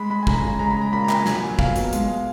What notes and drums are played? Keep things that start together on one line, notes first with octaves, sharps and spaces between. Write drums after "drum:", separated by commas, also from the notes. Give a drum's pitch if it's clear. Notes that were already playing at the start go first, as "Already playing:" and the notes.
Already playing: G#3 B5
G#3 B5
G#5
C#3 A#5, drum: kick
C#3
G#3 A#5
B5
G#3 A#5
A#2 B5
A#5
A#2, drum: clap
G#5
F#3 G#5, drum: snare
F#3
B2 F5, drum: kick
B2, drum: hi-hat
G#3, drum: hi-hat
G#3